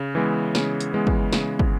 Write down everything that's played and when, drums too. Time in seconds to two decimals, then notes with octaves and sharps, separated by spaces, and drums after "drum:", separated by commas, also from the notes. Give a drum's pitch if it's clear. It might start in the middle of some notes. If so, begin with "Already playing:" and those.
Already playing: C#3
0.15 E3 G#3 B3
0.55 C#3, drum: snare
0.80 drum: hi-hat
0.94 E3 G#3 B3
1.07 drum: kick
1.33 C#3, drum: snare
1.59 drum: kick